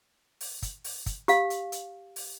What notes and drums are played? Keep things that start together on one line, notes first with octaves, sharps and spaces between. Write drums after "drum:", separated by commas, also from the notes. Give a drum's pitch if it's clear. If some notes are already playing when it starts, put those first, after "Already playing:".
drum: open hi-hat
drum: kick, hi-hat
drum: open hi-hat
drum: kick, hi-hat
G4 F5, drum: hi-hat
drum: hi-hat
drum: hi-hat
drum: open hi-hat